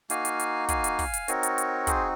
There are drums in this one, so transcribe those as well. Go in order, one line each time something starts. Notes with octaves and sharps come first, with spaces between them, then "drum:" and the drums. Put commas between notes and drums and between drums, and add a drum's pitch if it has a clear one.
A#3 D#4 F#4 F5 G#5, drum: hi-hat
drum: hi-hat
drum: hi-hat
F5 G#5, drum: kick, hi-hat
drum: hi-hat
drum: kick, open hi-hat
drum: hi-hat
C4 D#4 F#4 A#4 C#5, drum: hi-hat
drum: hi-hat
drum: hi-hat
G#4 C5, drum: kick, hi-hat